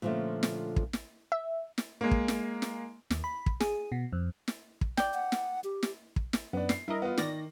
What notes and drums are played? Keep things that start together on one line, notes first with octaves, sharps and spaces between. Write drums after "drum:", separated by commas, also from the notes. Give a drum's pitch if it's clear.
A#2 D3 F3 G3 A3 C#4
drum: snare
drum: kick
drum: snare
E5
drum: snare
G#3 A#3
drum: kick
drum: snare
drum: snare
D#2, drum: snare
B5
drum: kick
G#4, drum: snare
B2
F2
drum: snare
drum: kick
D5 G5, drum: snare
F#5
drum: snare
G4
drum: snare
drum: kick
drum: snare
F#2 B3 D4
C7, drum: snare
G2 E4 A#4 D#5
B3 F4
D#3 D5 A#6, drum: snare